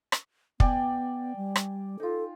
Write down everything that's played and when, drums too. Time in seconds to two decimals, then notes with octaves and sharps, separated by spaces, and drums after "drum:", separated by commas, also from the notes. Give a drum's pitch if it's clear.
0.12 drum: rim click
0.60 B3 D5 G5 G#5, drum: kick
1.36 G3
1.56 drum: rim click
2.00 D#4 F4 A4